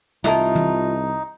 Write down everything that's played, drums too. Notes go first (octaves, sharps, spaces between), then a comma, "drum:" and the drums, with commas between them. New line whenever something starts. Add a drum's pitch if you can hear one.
C2 D#4 F4 E5 A5, drum: snare
drum: tom